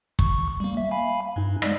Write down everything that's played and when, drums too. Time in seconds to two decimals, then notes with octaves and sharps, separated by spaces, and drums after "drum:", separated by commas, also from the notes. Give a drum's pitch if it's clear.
0.19 C#6, drum: kick
0.60 G3 A#3
0.77 E5
0.91 F5 G#5 B5
1.36 G2 D#4
1.62 G#3 D5 D#5, drum: rim click